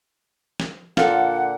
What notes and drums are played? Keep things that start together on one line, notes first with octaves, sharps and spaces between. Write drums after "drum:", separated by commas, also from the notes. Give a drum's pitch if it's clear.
drum: snare
A#2 D3 F4 A4 F#5, drum: snare